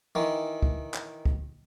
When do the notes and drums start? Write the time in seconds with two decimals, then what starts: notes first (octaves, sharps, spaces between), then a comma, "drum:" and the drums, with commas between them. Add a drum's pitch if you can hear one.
0.15 D#3 E3
0.63 drum: kick
0.94 drum: clap
1.25 drum: kick